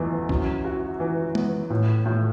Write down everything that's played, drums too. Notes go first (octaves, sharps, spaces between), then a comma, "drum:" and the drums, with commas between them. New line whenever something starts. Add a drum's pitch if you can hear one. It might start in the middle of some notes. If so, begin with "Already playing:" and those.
Already playing: F#1 E2 E3 A3
F#2, drum: kick C2
F#4
E3
B3, drum: tom
A2
A2